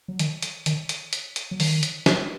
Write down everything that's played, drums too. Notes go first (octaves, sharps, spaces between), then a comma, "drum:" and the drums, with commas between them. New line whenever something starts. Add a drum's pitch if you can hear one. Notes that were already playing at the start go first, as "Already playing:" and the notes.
F#3
D#3, drum: hi-hat
drum: hi-hat
D#3, drum: hi-hat
drum: hi-hat
drum: hi-hat
drum: hi-hat
F#3
D#3, drum: open hi-hat
drum: hi-hat
drum: snare